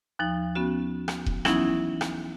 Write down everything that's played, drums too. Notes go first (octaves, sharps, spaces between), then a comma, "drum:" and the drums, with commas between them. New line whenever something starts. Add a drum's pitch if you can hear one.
D#2 F3 D#4
B3 C#4 F#4
drum: rim click
drum: kick E1
E3 F#3 B3 C#4 D#4 E4, drum: rim click
drum: rim click